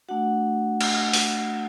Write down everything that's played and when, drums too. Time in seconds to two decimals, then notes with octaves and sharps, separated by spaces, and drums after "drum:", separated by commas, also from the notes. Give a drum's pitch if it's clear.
0.09 A3 D4 F#4 F#5
0.81 drum: cymbal
1.13 drum: open hi-hat